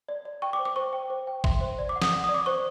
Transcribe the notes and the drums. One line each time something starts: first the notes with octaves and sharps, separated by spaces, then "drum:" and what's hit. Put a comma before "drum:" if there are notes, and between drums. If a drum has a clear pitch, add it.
D5
D5
G5 C#6
D6
C5
D6
C5 C#6
G5
C5
G5
E5 C6, drum: kick G#1
C5
D5
D6
F#5
D#6, drum: snare
F#5
D#6
D5
D6
C5 C#6